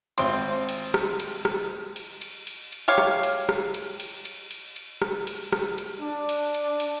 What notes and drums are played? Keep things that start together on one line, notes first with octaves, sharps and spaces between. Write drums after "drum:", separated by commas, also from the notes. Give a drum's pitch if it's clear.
G#1 C4 C6, drum: cymbal
drum: cymbal
drum: rim click
drum: cymbal
drum: rim click
drum: cymbal
drum: cymbal
drum: cymbal
drum: cymbal
G4 C#5 F5
drum: rim click
drum: cymbal
drum: rim click
drum: cymbal
drum: cymbal
drum: cymbal
drum: cymbal
drum: cymbal
drum: rim click
drum: cymbal
drum: rim click
drum: cymbal
D4
drum: cymbal
drum: cymbal
drum: cymbal